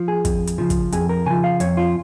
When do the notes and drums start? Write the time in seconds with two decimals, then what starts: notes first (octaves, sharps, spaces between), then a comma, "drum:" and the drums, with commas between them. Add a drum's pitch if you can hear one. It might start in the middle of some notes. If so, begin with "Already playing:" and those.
Already playing: F3
0.08 G#4
0.25 F2, drum: kick, hi-hat
0.47 drum: hi-hat
0.58 C#3 F3
0.70 drum: kick, hi-hat
0.92 F2 G#4, drum: hi-hat
1.09 A#4
1.26 C#3 F3 G#5
1.44 F5
1.60 F2 C#5, drum: hi-hat
1.77 F4